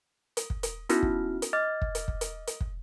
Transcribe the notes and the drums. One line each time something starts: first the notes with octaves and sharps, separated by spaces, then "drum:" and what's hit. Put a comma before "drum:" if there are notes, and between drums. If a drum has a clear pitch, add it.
drum: hi-hat
drum: kick
drum: hi-hat
B3 C#4 D#4 E4 F#4 F6, drum: hi-hat
drum: kick
drum: hi-hat
D#5 D6 F6 A6
drum: kick
drum: hi-hat
drum: kick
drum: hi-hat
drum: hi-hat
drum: kick